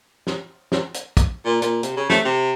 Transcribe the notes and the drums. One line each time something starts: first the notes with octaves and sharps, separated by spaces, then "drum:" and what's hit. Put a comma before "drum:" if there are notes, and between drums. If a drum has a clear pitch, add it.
drum: snare
drum: snare
drum: hi-hat
drum: kick, hi-hat
A#2
A#2, drum: hi-hat
C3, drum: hi-hat
C#3
A3, drum: snare
C3